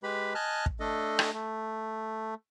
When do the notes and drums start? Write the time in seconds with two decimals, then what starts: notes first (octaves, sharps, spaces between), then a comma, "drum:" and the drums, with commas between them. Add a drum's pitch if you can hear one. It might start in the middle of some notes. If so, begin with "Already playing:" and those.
0.03 G#3 G4 B4 B5
0.35 D#5 G#5 A5 F6 F#6
0.66 drum: kick
0.80 A3 D4 A4 D#5
1.19 drum: rim click
1.34 A3